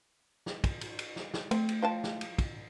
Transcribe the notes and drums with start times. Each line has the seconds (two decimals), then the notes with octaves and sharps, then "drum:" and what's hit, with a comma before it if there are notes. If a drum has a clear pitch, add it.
0.46 drum: snare
0.64 drum: kick, cymbal
0.81 drum: cymbal
0.99 drum: cymbal
1.16 drum: snare
1.34 drum: snare
1.51 A3 C4, drum: cymbal
1.69 drum: cymbal
1.83 F3 G5 A5
2.04 drum: snare
2.21 drum: cymbal
2.38 drum: kick, cymbal